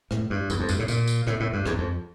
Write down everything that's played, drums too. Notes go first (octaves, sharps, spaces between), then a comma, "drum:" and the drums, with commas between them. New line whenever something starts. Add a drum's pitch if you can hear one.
A2, drum: rim click
G2
E2, drum: tambourine
F2
G2, drum: tambourine
A2
A#2, drum: tambourine
drum: tambourine
A2, drum: rim click
A2
G2
E2, drum: rim click
F2